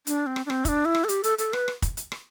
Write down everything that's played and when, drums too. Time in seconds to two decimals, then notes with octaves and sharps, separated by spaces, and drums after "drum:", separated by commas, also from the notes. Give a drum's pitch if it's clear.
0.07 D4, drum: hi-hat
0.26 C4
0.36 drum: rim click
0.46 D4
0.50 C4, drum: rim click
0.65 E4, drum: kick, hi-hat
0.68 D4
0.85 E4
0.95 drum: rim click
1.04 A4
1.09 G4, drum: hi-hat
1.24 A4, drum: hi-hat
1.38 A4, drum: hi-hat
1.53 B4, drum: rim click
1.68 drum: rim click
1.82 drum: kick, hi-hat
1.97 drum: hi-hat
2.12 drum: rim click